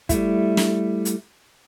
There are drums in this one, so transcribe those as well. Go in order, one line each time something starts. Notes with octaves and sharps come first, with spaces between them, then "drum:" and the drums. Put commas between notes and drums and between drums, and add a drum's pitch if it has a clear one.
G3 A3 E4, drum: kick, hi-hat
drum: snare
drum: hi-hat